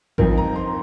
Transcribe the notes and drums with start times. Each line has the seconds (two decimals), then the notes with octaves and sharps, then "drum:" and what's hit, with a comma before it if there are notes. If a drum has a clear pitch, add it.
0.18 F2 F3 C4 D#4 A#4, drum: kick A1
0.38 A#5
0.56 C6